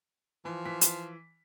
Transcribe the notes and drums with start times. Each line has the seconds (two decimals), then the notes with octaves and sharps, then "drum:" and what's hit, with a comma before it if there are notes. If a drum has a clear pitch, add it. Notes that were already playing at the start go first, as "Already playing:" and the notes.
0.45 E3 F3
0.65 E3 B6
0.81 drum: hi-hat